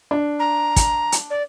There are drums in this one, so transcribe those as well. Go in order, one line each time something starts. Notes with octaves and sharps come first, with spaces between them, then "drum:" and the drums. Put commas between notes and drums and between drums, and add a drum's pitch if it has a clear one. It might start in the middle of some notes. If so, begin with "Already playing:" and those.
D4
A#5
drum: kick, hi-hat
drum: hi-hat
D5